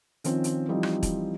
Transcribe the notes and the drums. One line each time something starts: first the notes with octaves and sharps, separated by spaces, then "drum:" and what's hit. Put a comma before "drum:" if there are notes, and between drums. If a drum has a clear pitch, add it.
D#3 F3 C4 C#4, drum: hi-hat
drum: hi-hat
E3 F3 G3 C4 D#4
drum: rim click
drum: kick, hi-hat